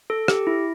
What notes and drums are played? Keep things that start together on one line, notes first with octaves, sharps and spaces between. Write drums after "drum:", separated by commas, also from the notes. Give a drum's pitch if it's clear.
A4
G4, drum: rim click
E4